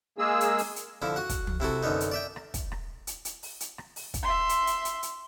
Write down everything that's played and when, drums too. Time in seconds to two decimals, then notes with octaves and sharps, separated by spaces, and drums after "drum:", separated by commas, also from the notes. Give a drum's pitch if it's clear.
0.18 G#3 A#3 G#4 E6
0.41 drum: hi-hat
0.58 drum: open hi-hat
0.76 drum: hi-hat
1.02 D3 F3 E4
1.16 F#4 F#5
1.29 drum: kick, hi-hat
1.47 drum: tom
1.60 C3 E4 F#4 A4
1.83 F#2 D3 B3 D#4
2.00 drum: hi-hat
2.12 D5 E5 G5
2.36 drum: rim click
2.54 drum: kick, hi-hat
2.72 drum: rim click
3.07 drum: hi-hat
3.25 drum: hi-hat
3.43 drum: open hi-hat
3.60 drum: hi-hat
3.78 drum: rim click
3.96 drum: open hi-hat
4.14 drum: kick, hi-hat
4.23 E5 C6
4.49 drum: hi-hat
4.67 drum: hi-hat
4.85 drum: hi-hat
5.03 drum: hi-hat